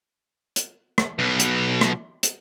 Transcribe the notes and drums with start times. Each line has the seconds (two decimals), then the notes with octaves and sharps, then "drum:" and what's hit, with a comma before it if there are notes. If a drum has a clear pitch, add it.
0.56 drum: hi-hat
0.98 drum: rim click
1.19 B1 B2
1.40 drum: hi-hat
1.81 drum: rim click
2.23 drum: hi-hat